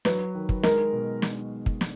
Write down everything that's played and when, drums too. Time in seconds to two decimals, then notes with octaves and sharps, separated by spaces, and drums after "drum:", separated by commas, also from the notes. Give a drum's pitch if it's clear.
0.05 F#3 B4, drum: snare
0.35 D#3
0.49 drum: kick
0.63 G#3 A#4, drum: snare
0.93 B2
1.22 drum: snare
1.66 drum: kick
1.81 drum: snare